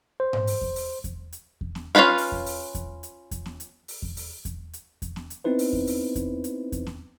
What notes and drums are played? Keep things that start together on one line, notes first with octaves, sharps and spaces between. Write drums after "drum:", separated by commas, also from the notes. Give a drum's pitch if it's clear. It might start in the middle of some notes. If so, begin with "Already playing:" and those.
C5
drum: tom G#2
drum: open hi-hat
drum: kick E2
drum: open hi-hat
drum: kick E2, hi-hat
drum: hi-hat
drum: kick E2
drum: snare B3
C#4 E4 F4 B4 F5
drum: open hi-hat
drum: kick E2
drum: open hi-hat
drum: kick E2, hi-hat
drum: hi-hat
drum: kick E2, hi-hat
drum: snare B3
drum: hi-hat
drum: open hi-hat
drum: kick E2
drum: open hi-hat
drum: kick E2, hi-hat
drum: hi-hat
drum: kick E2, hi-hat
drum: snare B3
drum: hi-hat
B3 C4 D#4 E4 B4 C5
drum: open hi-hat
drum: kick E2
drum: open hi-hat
drum: kick E2, hi-hat
drum: hi-hat
drum: kick E2, hi-hat
drum: snare B3